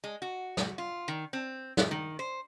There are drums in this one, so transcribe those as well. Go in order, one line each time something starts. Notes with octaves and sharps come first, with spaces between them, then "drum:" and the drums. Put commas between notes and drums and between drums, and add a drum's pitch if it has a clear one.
G#3
F#4
drum: snare
F4
D#3
C4
drum: snare
D#3
C5